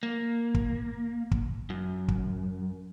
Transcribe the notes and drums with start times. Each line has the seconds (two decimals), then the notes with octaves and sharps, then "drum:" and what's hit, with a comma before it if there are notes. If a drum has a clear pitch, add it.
0.03 A#3
0.54 drum: kick
1.31 drum: kick
1.70 F#2
2.08 drum: kick